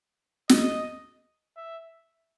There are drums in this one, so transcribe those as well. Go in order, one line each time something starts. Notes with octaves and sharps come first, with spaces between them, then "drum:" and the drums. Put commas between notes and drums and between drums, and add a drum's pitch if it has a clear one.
D#5, drum: snare
E5